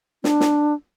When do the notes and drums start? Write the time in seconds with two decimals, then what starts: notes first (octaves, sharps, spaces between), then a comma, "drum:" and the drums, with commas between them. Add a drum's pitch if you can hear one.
0.24 D4, drum: snare
0.40 drum: snare